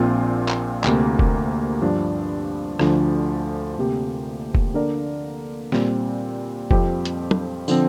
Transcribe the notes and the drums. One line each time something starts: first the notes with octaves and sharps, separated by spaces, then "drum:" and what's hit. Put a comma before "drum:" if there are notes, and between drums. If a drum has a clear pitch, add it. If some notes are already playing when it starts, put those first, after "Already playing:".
Already playing: A#1 A#2 F3 C4 F4
drum: clap
D2 C3 A#3, drum: clap
drum: kick E1
G2 F3 D4
D2 D3 F3 D4, drum: rim click
D2 C3 A#3 G4
drum: kick E1
D3 A#3 D4 A#4 D5
A#2 G3 C4, drum: snare
F2 F3 C4 G4, drum: kick E1
drum: hi-hat
drum: tom
D3 F3 C4, drum: tambourine